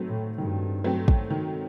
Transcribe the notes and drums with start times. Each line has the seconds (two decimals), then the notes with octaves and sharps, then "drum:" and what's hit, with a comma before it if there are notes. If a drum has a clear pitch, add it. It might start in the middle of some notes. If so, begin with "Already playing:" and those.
Already playing: D#3 F#3 A3 C4
0.08 A2
0.38 G2 D#3
0.84 F#3 A3 C4
1.08 drum: kick
1.30 D#3